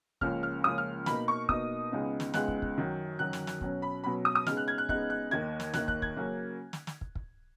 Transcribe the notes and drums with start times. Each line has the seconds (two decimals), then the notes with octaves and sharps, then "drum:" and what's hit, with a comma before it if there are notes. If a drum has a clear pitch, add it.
0.21 C#2 C#3 F3 A#3 C#4 F6, drum: kick
0.43 F6
0.64 C#2 C#3 F3 A#3 C#4 D#6
0.78 F6
1.06 B2 A#3 D#4 B5, drum: snare
1.28 C#6
1.49 B2 A#3 D#4 D#6, drum: kick
1.92 C#2 C#3 G#3 B3 D#4
2.20 drum: snare
2.34 C#2 C#3 G#3 B3 D#4 F#6, drum: snare
2.48 drum: kick
2.62 drum: kick
2.76 F#2 D#3 F#3
3.19 F#2 D#3 F#3 F#6
3.33 drum: snare
3.47 drum: snare
3.61 B2 F#3 C#4, drum: kick
3.82 B5
4.04 B2 F#3 C#4 B5
4.25 D#6
4.35 D#6
4.46 C#3 G#3 B3 D#4 F6, drum: snare
4.57 F#6
4.68 G#6
4.78 F#6
4.89 C#3 G#3 B3 D#4 F#6, drum: kick
5.10 F#6
5.31 D#2 D#3 A#3 D#4 G#6
5.60 drum: snare
5.74 D#2 D#3 A#3 D#4 F#6, drum: snare
5.88 F#6, drum: kick
6.02 G#6, drum: kick
6.16 C#3 F#3 A#3 C#4
6.73 drum: snare
6.87 drum: snare
7.01 drum: kick
7.15 drum: kick